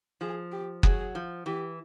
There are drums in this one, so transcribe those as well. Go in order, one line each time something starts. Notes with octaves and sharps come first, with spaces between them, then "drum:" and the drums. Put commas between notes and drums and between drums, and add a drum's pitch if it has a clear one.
F3 G#4
G4
F#3 G#4, drum: kick F#1
F3
E3 G4